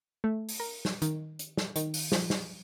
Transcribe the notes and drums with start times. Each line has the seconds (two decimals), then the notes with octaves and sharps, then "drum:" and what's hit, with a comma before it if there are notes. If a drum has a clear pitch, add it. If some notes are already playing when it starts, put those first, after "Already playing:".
0.24 A3
0.49 drum: open hi-hat
0.60 A#4
0.85 drum: snare
1.02 D#3, drum: hi-hat
1.39 drum: hi-hat
1.57 drum: snare
1.76 D#3, drum: hi-hat
1.94 drum: open hi-hat
2.12 F3, drum: snare
2.30 drum: snare